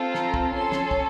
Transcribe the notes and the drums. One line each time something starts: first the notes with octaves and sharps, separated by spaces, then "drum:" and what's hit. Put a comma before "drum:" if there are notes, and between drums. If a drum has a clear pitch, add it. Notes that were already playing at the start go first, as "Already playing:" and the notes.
Already playing: C4 F4 A4
A#5, drum: snare
drum: kick
C#4 A4 C6
drum: snare
drum: kick